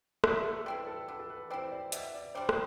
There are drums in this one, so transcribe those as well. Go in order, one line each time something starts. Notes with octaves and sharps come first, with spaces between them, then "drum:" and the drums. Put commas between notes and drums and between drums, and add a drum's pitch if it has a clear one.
D3 E5, drum: rim click
A4
G3 C4 E4 B4
A4
D3 B4
A4
B4
G3 C4 E4 C5
D5
B2 E5, drum: hi-hat
D5
G3 D4 C5
drum: rim click